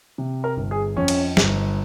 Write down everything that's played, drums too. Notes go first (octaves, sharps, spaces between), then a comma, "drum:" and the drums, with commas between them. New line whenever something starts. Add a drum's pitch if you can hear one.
C3
A#4
G1
G#4
F2 C#4
drum: cymbal
G1, drum: snare